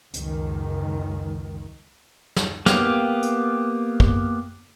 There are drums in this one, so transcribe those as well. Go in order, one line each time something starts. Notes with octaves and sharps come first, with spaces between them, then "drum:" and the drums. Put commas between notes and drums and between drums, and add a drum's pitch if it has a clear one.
C#2 F#2 D#3, drum: hi-hat
drum: snare
A#3 B3 G4 F5, drum: snare
drum: hi-hat
drum: kick